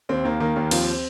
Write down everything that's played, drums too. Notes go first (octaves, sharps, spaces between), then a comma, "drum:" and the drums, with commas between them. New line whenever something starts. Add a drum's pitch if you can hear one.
D#2 C4
D#3 A#3
D#3 A#3
D#2 A#3
F3 C4, drum: cymbal